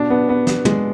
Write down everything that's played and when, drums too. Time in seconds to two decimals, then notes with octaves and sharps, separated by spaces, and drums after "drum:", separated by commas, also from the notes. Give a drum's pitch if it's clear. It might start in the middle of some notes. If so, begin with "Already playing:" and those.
Already playing: B2 D4
0.10 B3
0.29 B3
0.47 B3, drum: snare
0.65 G#3, drum: tom